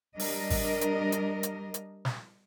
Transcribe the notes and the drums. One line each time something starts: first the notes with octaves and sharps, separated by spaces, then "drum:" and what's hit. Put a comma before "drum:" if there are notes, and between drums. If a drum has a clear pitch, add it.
G3 D4 A#4 D#5, drum: open hi-hat
drum: kick G#1, open hi-hat
drum: hi-hat
drum: hi-hat
drum: hi-hat
drum: hi-hat
drum: snare